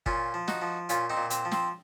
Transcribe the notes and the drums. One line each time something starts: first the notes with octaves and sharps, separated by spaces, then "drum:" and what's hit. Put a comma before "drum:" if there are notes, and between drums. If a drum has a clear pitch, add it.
A#2 C#4 F4, drum: kick G1
F3
D#4 F#4, drum: snare
F3
A#2 C#4 F4, drum: hi-hat
C4 D#4
A#2
C4, drum: hi-hat
F3
C4, drum: snare